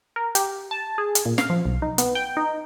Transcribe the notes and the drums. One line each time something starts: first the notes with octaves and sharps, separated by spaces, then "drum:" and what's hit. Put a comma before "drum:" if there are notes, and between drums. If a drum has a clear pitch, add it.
A#4
G4, drum: hi-hat
A5
G#4
drum: hi-hat
A#2
F5, drum: snare
F3
B1
D#4
B3, drum: hi-hat
G5
D#4